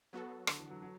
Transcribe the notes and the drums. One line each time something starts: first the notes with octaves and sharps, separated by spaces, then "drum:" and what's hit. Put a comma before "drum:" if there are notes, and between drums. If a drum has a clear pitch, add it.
F#3 B3 F#4 A4
D3, drum: rim click
E3
F#3
F#3